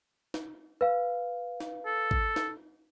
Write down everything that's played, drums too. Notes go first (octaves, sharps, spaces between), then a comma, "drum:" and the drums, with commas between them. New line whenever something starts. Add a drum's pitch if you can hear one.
drum: snare
B4 F5
drum: snare
A4
drum: kick G#1
drum: snare